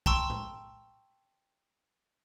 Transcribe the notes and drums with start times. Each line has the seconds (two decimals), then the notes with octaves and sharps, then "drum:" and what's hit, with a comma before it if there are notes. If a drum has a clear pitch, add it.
0.06 G5 A5 A#5 C6 C#6 E6, drum: kick
0.30 drum: tom A2